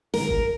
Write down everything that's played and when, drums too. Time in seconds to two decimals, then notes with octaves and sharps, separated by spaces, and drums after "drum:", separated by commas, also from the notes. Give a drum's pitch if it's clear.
0.14 A#4, drum: snare
0.29 drum: kick G1